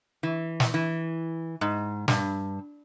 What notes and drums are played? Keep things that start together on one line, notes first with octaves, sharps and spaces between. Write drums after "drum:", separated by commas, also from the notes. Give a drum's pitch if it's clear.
E3
drum: snare
E3
G#2
G2, drum: snare